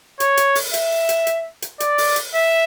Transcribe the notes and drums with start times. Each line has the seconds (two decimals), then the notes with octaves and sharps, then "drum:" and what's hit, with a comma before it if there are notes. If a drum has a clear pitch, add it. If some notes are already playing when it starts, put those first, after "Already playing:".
0.20 C#5, drum: hi-hat
0.37 drum: hi-hat
0.55 drum: open hi-hat
0.74 E5, drum: hi-hat
1.09 drum: hi-hat
1.27 drum: hi-hat
1.62 drum: hi-hat
1.80 D5, drum: hi-hat
1.98 drum: open hi-hat
2.16 drum: hi-hat
2.34 E5